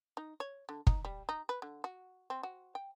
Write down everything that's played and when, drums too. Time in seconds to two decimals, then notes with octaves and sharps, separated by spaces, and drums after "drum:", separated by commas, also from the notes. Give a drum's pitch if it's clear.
0.17 D#4
0.40 C#5
0.69 D3
0.87 D#4, drum: kick
1.05 G3
1.29 D#4
1.49 B4
1.62 D3
1.84 F#4
2.30 C4
2.43 F#4
2.75 G5